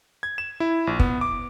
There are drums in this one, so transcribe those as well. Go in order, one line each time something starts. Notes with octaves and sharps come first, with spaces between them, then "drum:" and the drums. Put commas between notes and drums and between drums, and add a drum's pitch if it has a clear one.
G#6
E7
E4
A#1
B3, drum: kick
D6